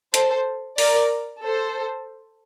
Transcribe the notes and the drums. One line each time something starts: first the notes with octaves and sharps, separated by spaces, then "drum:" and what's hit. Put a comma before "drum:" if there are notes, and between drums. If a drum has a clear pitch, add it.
A4 C5, drum: hi-hat
A#4 D5, drum: open hi-hat
A4 C5